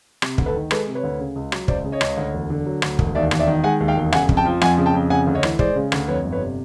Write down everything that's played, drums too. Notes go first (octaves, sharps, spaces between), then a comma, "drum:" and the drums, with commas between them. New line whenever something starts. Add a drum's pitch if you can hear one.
C3, drum: rim click
D2, drum: kick
A4 B4
D#3
G#3 A4 B4, drum: rim click
C3
B4 C#5
D2
C#3
C#2
F#3, drum: rim click
C#2 C5 D5, drum: kick
C#3
C#5 D#5
C#2, drum: rim click
D2
E1
D3
F#3
D2, drum: rim click
E1, drum: kick
D#2 D5 E5
E1, drum: rim click
D5 E5
D#3
G#3 F#5 G#5
D#2
F5 G5
E1
C#3 F#5 G#5, drum: rim click
F2, drum: kick
G5 A5
F3
F2 F#5 G#5, drum: rim click
C#3
G5 A5
F2
C#3 F#5 G#5
D2
C#5 D#5
E3, drum: rim click
G#3 C5 D5, drum: kick
C#3
D2, drum: rim click
F2 B4 C#5
G1
B4 C#5
C3